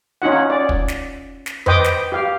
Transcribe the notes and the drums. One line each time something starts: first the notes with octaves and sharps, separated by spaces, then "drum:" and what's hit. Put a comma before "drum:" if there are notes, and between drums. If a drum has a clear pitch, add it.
C#4 D#4 F4 F#5
D5
drum: kick
drum: snare
drum: snare
B4 C5 D#5 G5 D6 D#6, drum: tom F2
drum: snare
G4 F5